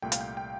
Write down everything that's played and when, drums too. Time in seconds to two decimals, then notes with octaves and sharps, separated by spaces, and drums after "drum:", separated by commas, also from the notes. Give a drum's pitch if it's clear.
0.02 C2 A#2 A3 G5
0.12 F5, drum: hi-hat
0.21 G5
0.37 G5